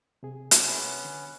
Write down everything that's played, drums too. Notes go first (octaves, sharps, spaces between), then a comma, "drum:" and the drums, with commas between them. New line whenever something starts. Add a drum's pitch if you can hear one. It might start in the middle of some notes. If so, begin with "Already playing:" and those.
C3 G#4
drum: hi-hat
B3 C#4
D3